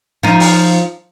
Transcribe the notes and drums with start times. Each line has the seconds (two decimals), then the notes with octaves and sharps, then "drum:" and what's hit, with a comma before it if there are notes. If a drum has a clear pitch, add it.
0.23 F3 D#4
0.40 drum: open hi-hat